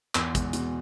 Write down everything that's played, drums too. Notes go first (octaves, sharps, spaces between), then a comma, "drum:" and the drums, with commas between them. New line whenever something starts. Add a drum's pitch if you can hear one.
E2, drum: clap
G#3, drum: kick, hi-hat
B2, drum: hi-hat